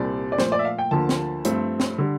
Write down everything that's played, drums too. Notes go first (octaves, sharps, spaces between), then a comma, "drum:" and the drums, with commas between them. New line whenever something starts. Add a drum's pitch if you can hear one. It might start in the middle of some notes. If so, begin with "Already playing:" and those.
Already playing: C2 A#2 G3 C4 D5
D5
A#2 F3 A3 C5, drum: snare
D5
E5
F5
G5
D2 D3 F3 A#3 A5
drum: snare
G2 F3 A3 C4, drum: hi-hat
drum: snare
D3 G3